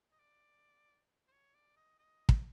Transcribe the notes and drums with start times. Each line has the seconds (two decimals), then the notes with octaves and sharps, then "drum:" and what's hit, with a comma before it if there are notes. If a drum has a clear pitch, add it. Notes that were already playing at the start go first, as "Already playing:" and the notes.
0.12 D#5
0.19 D5
1.28 C5
1.32 C#5
1.54 D5
1.77 D#5
1.99 D#5
2.29 drum: kick